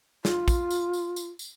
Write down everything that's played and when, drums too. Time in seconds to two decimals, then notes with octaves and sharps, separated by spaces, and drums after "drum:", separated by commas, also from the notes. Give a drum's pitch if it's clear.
0.25 F4, drum: snare
0.48 drum: kick, tambourine
0.71 drum: tambourine
0.93 drum: tambourine
1.16 drum: tambourine
1.39 drum: tambourine